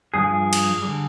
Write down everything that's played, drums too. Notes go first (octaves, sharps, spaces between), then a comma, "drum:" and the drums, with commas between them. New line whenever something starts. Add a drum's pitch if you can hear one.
G2 F3 G#4
drum: cymbal
D3 G3